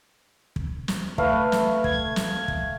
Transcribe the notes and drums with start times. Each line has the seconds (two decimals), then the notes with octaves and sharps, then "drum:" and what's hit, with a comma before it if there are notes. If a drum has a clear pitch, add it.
0.56 drum: kick
0.88 drum: snare
1.18 A3 B4 F5, drum: kick
1.52 drum: snare
1.84 G#6, drum: kick
2.16 drum: snare
2.48 drum: kick